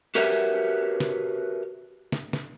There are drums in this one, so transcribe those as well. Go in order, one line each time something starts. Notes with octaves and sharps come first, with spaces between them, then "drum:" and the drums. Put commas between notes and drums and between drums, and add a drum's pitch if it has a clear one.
F#4 G4 A#4 B4 C#5 E5, drum: open hi-hat
drum: snare
drum: snare
drum: snare